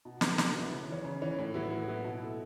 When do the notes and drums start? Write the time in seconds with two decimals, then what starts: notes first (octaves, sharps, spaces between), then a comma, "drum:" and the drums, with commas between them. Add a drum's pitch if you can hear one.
0.05 B2
0.21 F#3 B3 E4, drum: snare
0.38 B2, drum: snare
0.55 F#3 B3 E4
0.72 C#3
0.89 E3 C#4
1.05 C#3
1.22 E3 C#4
1.38 A2
1.54 F#3 B3 E4
1.71 A2
1.88 F#3 B3 E4
2.05 B2
2.22 A3 E4